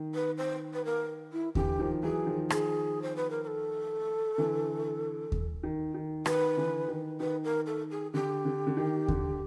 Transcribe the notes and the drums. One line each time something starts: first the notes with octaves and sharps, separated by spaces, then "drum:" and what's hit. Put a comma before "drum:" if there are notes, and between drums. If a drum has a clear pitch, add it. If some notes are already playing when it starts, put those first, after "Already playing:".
Already playing: D#3
B4
C5
B4
A#4
E4
D3 E3 G4, drum: kick D#2
D#3 F3
E3 F#3 G#4
D#3 F3
G#4, drum: rim click
C5
B4
A#4
A#4
A4
D3 E3
drum: kick D#2
D#3
D#3
D#3 B4, drum: rim click
D3 E3
D#3
D#3 B4
A#4
A4
G#4
D3 G4
D3
D3
D#3
D3, drum: kick D#2